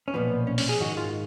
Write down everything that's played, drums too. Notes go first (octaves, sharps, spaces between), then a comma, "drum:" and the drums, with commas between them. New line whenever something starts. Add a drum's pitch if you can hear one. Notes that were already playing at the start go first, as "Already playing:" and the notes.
C#4
B1 A#2 F3 B3
C#4
C#4, drum: open hi-hat
G#4
G#2 D#3 G#3 F#4
F4